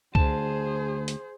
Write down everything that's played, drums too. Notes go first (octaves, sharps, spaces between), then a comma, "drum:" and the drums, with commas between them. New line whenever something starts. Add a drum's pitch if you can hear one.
D2 G#4 C5 A5, drum: kick C#2
drum: hi-hat